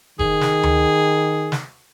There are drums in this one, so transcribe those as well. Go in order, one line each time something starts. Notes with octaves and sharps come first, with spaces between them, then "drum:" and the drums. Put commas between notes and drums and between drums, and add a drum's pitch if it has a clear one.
D#3 G#4, drum: kick F1
drum: snare
drum: tom D2
drum: snare